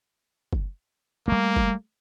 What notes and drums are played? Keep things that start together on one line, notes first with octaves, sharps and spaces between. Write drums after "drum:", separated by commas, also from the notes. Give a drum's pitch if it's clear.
drum: kick F#1
G3 A3 A#3
drum: kick F#1